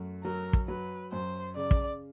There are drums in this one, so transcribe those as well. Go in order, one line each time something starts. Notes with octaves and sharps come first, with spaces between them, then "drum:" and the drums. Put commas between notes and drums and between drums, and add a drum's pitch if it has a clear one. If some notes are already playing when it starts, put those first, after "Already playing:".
Already playing: F#2 A3
F#3 A#4
drum: kick
F#3 B4
F#2 C5
C#3 D5
drum: kick